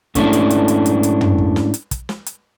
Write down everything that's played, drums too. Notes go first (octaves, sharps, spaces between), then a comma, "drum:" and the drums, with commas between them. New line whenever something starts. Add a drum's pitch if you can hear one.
G#2 A3 C#4 D4 E4, drum: kick, hi-hat
drum: hi-hat
drum: hi-hat
drum: hi-hat
drum: hi-hat
drum: hi-hat
drum: tom
drum: kick
drum: snare
drum: hi-hat
drum: kick, hi-hat
drum: snare
drum: hi-hat